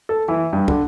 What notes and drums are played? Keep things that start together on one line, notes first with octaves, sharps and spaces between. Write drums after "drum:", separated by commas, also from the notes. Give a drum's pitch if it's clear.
A4
E3
G2
D3, drum: kick